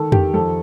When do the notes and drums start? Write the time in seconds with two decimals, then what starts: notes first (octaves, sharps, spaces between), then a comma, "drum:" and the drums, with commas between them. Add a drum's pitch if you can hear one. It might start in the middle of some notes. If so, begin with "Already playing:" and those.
Already playing: D#3 A4
0.12 D#3 G4, drum: tom
0.34 F2 A4